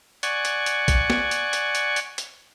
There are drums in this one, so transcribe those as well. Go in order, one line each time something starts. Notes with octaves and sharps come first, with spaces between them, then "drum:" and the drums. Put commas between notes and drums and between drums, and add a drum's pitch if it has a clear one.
D5 F#5 G#5 C#6, drum: hi-hat
drum: hi-hat
drum: hi-hat
drum: kick A#1, hi-hat
drum: snare
drum: hi-hat
drum: hi-hat
drum: hi-hat
drum: hi-hat
drum: hi-hat